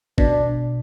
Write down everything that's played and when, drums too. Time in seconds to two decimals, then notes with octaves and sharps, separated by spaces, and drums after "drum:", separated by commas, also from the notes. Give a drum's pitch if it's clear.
0.18 B2 D4, drum: kick G#1